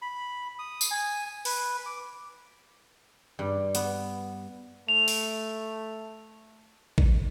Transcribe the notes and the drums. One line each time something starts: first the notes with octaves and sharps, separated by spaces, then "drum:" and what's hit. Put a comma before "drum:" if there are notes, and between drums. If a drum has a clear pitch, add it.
B5
D#6
drum: tambourine
G#5
B4, drum: open hi-hat
D6
G2
B3, drum: hi-hat
A3 F7
drum: open hi-hat
drum: kick A1